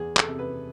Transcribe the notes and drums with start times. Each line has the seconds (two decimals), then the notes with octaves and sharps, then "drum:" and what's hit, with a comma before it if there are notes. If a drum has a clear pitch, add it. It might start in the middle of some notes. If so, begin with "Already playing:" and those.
Already playing: E2 G#4
0.17 A4, drum: clap
0.27 C3
0.39 B4